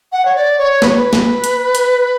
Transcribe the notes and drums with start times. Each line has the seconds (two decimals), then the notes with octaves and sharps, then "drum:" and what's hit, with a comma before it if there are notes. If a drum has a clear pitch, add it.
0.12 F#5
0.25 C#5
0.35 D5
0.59 C#5
0.82 B4, drum: snare
0.89 C#5
0.96 B4
1.13 drum: snare
1.44 drum: hi-hat
1.75 drum: hi-hat